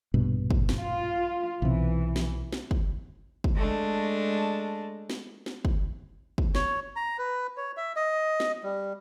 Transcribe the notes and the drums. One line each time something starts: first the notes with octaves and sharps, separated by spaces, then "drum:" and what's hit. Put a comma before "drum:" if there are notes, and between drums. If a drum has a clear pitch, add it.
A#1 G2 B2
drum: kick
drum: snare
F4
B1 C3 E3
drum: snare
drum: snare
drum: kick
drum: kick
G#3 A3 D4
drum: snare
drum: snare
drum: kick
drum: kick
C#5, drum: snare
A#5
B4
C#5
E5
D#5
drum: snare
G3